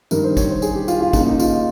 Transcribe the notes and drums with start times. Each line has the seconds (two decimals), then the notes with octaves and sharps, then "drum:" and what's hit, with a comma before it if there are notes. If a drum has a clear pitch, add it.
0.11 G2 D#3 A#4, drum: tambourine
0.24 C5
0.37 C#5, drum: kick, tambourine
0.50 C5
0.62 G#4, drum: tambourine
0.75 G4
0.88 F4, drum: tambourine
1.00 F4
1.13 D#2 C#3 D#4, drum: kick, tambourine
1.27 D#4
1.40 F4, drum: tambourine